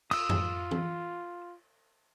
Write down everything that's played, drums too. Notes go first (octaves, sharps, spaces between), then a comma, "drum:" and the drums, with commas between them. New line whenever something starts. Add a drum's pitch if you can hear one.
F4 D#6 E6, drum: cymbal
drum: tom F2
drum: tom